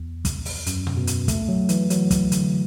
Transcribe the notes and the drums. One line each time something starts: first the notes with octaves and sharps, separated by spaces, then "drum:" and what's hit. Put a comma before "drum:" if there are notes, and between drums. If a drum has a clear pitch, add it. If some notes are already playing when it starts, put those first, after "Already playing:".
Already playing: E2
drum: kick, hi-hat
drum: open hi-hat
F#2, drum: hi-hat
drum: tom A#2
B2
drum: hi-hat
A3, drum: kick, hi-hat
F#3
E3, drum: hi-hat
F#3, drum: hi-hat
drum: kick, hi-hat
D3, drum: hi-hat